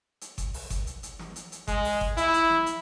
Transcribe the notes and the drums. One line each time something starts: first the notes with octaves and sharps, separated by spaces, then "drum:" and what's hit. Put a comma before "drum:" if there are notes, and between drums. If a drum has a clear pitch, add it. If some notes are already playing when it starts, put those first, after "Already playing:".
drum: hi-hat
drum: kick G1, hi-hat
drum: open hi-hat
drum: kick G1, hi-hat
drum: hi-hat
drum: hi-hat
drum: snare
drum: hi-hat
drum: hi-hat
G#3, drum: kick G1, hi-hat
drum: open hi-hat
drum: kick G1
E4, drum: hi-hat
drum: hi-hat
drum: snare
drum: hi-hat